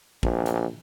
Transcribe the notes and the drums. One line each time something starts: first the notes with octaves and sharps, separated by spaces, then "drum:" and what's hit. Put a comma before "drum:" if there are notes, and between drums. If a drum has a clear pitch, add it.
A#1, drum: kick
drum: hi-hat